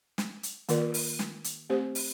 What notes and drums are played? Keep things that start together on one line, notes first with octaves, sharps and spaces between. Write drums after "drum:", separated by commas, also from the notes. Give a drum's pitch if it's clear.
drum: snare
drum: hi-hat
D#3 A#3 F4 A#4 D5, drum: hi-hat
drum: open hi-hat
drum: snare
drum: hi-hat
A3 C4 G4 C5
drum: open hi-hat